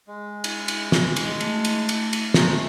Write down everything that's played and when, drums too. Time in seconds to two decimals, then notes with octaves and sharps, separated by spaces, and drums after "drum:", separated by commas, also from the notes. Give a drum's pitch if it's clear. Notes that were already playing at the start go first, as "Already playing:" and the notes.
0.07 G#3
0.44 drum: cymbal
0.68 drum: cymbal
0.92 drum: snare
1.16 drum: cymbal
1.40 A3, drum: cymbal
1.65 drum: cymbal
1.89 drum: cymbal
2.13 drum: cymbal
2.34 G#3 A3 D#4, drum: snare